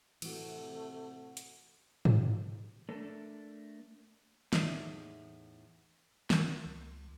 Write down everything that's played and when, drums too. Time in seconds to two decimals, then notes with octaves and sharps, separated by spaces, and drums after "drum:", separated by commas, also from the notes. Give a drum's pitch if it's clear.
0.22 A2 C3 E3 A3 C4 F#4, drum: cymbal
1.37 drum: hi-hat
2.05 drum: tom G#2
2.89 A3 D4 A4 A#4 D5
4.53 E2 A2 D#4 D5 E5, drum: snare
6.30 A#4, drum: snare
6.65 C#2